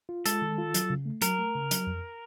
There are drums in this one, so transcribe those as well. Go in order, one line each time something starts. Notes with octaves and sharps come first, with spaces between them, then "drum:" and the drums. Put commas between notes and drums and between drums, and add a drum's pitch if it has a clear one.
F4
G#3 A4, drum: hi-hat
D#3
F4
F#3, drum: hi-hat
C#3
A3
F#3 A#4, drum: hi-hat
A3
C#3
F#3, drum: hi-hat
F2